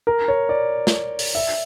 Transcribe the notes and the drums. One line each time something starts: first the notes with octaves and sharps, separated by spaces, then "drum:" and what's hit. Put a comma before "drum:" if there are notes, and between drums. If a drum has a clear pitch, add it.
A#4
C#5
D5
drum: snare
drum: open hi-hat
E5